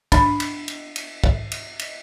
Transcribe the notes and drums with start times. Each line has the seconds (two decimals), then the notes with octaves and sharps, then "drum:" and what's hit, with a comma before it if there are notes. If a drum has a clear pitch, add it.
0.12 D4 B5, drum: kick, cymbal
0.40 drum: cymbal
0.68 drum: cymbal
0.96 drum: cymbal
1.24 drum: kick
1.51 drum: cymbal
1.79 drum: cymbal